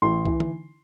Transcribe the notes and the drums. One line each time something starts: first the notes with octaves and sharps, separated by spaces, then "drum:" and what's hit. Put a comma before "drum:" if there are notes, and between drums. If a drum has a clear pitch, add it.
A1 C6
E3, drum: kick C2
drum: tom D3